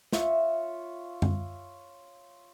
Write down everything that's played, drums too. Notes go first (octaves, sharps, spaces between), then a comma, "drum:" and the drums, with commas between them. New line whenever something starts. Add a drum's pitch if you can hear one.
F4 C#5 E5, drum: snare
drum: tom F#2